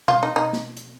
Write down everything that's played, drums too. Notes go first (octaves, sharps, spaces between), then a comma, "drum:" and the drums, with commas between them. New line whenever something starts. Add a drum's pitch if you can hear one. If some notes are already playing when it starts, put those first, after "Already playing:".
F4, drum: tom B2
D#4
D#4
drum: snare
drum: hi-hat